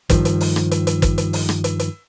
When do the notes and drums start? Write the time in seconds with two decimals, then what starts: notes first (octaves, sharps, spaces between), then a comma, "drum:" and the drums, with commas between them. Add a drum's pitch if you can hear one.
0.10 G2 D#3 F3, drum: kick, hi-hat
0.25 drum: hi-hat
0.41 drum: open hi-hat
0.56 drum: rim click
0.71 drum: hi-hat
0.87 drum: hi-hat
1.02 drum: kick, hi-hat
1.18 drum: hi-hat
1.33 drum: open hi-hat
1.49 drum: rim click
1.64 drum: hi-hat
1.80 drum: hi-hat